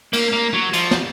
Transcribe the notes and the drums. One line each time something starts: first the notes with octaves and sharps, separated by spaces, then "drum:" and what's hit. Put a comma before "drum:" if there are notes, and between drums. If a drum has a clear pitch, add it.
A#3, drum: cymbal
A#3
F#3
F3, drum: cymbal
drum: snare